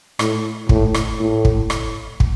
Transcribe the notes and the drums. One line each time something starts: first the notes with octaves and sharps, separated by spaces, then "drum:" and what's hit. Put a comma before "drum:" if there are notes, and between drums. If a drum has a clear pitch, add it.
A2, drum: rim click
A2, drum: kick
drum: rim click
A2
drum: kick
drum: rim click
drum: kick